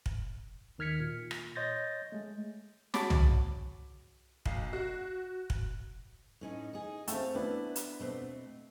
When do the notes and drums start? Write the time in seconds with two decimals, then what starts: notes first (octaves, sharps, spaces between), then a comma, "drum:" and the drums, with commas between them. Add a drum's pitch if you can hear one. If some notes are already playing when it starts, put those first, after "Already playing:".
0.06 drum: kick
0.78 D#2 D#3 F6 G#6 B6 C#7
1.00 A#2
1.31 drum: rim click
1.56 C#5 D#5 C6 G6 A6 A#6
2.12 G#3 A3
2.94 F#4 G#4 C#5 A5 B5 D6, drum: snare
3.10 drum: tom C2
4.46 B1, drum: kick
4.73 F#4
5.50 drum: kick
6.41 A2 C#4 D#4
6.73 D#4 G#4
7.08 A3 C4 F5 G5, drum: hi-hat
7.35 B3 D4 E4 B4
7.76 drum: hi-hat
8.00 B2 A3 C4